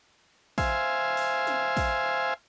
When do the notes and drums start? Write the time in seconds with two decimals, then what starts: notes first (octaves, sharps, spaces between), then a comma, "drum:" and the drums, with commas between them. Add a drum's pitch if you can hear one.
0.58 C5 E5 F5 G#5, drum: kick A#1, open hi-hat
1.17 drum: open hi-hat
1.47 drum: snare
1.77 drum: kick A#1, open hi-hat